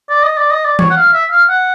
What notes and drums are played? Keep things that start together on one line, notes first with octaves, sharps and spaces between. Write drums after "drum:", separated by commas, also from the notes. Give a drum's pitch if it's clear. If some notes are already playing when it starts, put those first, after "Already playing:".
D5
D#5
D5
D#5
D5
C#5, drum: tom E3
F#5
F5
E5
F5
F#5